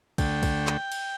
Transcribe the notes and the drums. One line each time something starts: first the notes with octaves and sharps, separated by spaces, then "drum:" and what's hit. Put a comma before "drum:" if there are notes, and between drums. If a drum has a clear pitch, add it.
D2 D3 A3 G5, drum: kick, cymbal
drum: kick, cymbal
drum: clap
drum: cymbal